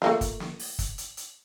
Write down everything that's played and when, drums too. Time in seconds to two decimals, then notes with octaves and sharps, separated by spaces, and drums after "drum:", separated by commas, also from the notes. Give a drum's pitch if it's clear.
0.02 A3 A#3 F4, drum: snare
0.21 drum: kick, hi-hat
0.40 drum: snare
0.59 drum: open hi-hat
0.79 drum: kick, hi-hat
0.98 drum: hi-hat
1.17 drum: hi-hat